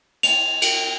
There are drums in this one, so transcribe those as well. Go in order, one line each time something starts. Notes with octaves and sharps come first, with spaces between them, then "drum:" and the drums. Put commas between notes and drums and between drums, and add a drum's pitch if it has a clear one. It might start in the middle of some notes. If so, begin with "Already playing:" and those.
F7, drum: cymbal
drum: cymbal